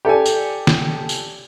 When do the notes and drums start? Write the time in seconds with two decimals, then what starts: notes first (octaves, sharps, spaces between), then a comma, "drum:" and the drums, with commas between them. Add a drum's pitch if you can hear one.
0.05 G4 A4 D5 G#5
0.26 drum: tambourine
0.67 drum: snare
1.09 drum: tambourine